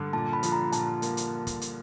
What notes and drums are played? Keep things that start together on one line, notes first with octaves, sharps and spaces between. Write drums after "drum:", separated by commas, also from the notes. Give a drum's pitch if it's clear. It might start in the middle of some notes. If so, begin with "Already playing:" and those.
Already playing: G2 D3
A#2 A5
B5
F3, drum: hi-hat
A#5
A#2 A5, drum: hi-hat
A#3, drum: hi-hat
drum: hi-hat
drum: kick, hi-hat
drum: hi-hat